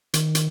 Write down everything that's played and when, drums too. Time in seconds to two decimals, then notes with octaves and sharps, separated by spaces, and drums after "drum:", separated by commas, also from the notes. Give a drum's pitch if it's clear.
0.14 D#3, drum: hi-hat
0.35 drum: hi-hat